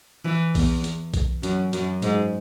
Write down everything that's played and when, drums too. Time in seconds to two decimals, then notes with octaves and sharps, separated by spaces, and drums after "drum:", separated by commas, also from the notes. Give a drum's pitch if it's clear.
0.25 E3
0.55 E2, drum: kick B1, open hi-hat
0.84 drum: hi-hat
1.14 drum: kick B1, hi-hat
1.43 F#2, drum: hi-hat
1.73 F#2, drum: hi-hat
2.02 G#2, drum: hi-hat